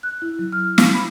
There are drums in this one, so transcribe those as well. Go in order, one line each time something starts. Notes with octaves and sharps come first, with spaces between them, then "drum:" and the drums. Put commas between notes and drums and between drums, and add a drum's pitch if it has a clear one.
F#6
E4
F#3
F6
F5, drum: snare
B5